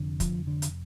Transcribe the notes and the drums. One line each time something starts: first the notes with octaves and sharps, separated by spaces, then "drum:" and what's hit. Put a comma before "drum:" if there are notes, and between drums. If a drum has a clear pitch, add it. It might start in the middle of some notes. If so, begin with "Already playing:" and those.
Already playing: F1 F2 D3
F3, drum: kick, hi-hat
D3
drum: hi-hat